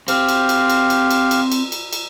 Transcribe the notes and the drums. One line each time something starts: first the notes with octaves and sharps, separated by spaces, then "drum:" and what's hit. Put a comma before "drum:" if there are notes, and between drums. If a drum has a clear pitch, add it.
C4 G4 F5, drum: cymbal
drum: cymbal
drum: cymbal
drum: cymbal
drum: cymbal
drum: cymbal
drum: cymbal
drum: cymbal
drum: cymbal
drum: cymbal